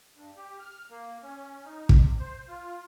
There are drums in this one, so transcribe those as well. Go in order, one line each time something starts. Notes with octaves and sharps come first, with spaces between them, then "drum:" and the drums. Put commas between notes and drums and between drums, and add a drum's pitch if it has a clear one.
G2
G4
F6
A#3
C#4
D#4
drum: kick
C3
C5
F4